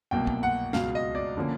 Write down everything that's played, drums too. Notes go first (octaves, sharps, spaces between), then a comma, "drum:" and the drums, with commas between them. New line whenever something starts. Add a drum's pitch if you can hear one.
C2 B2 F#3 A#3 G5
drum: kick
F#5
C#2 B2 F#3 F5, drum: snare
D#5
D5
D3 F3 A#3 C#4